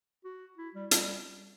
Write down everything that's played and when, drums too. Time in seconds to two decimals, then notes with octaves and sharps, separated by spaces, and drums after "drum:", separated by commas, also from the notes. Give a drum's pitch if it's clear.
0.24 F#4
0.58 E4
0.74 G3
0.91 G3, drum: hi-hat